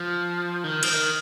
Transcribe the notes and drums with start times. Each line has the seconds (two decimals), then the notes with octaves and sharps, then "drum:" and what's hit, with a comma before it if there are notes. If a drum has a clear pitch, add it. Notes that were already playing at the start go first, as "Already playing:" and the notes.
Already playing: F3
0.64 D#3
0.83 F3, drum: cymbal
0.89 D#3